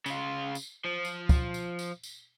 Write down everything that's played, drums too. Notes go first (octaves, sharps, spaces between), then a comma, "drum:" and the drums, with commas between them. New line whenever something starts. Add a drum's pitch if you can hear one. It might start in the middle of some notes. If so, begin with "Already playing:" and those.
C#3 F4, drum: tambourine
drum: tambourine
F3
drum: tambourine
drum: kick, tambourine
drum: tambourine
drum: tambourine
drum: tambourine